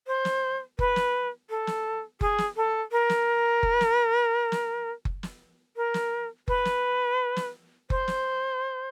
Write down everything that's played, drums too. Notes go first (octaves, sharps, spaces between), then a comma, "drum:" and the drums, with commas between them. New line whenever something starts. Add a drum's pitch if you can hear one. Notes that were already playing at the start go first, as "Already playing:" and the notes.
C5
drum: snare
B4, drum: kick F#1
drum: snare
A4
drum: snare
G#4, drum: kick F#1
drum: snare
A4
A#4
drum: snare
drum: kick F#1
drum: snare
drum: snare
drum: kick F#1
drum: snare
A#4
drum: snare
B4, drum: kick F#1
drum: snare
drum: snare
C5, drum: kick F#1
drum: snare